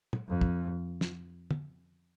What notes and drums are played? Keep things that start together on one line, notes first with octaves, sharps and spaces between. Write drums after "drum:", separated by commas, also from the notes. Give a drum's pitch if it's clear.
drum: tom
F2
drum: kick
drum: snare
drum: tom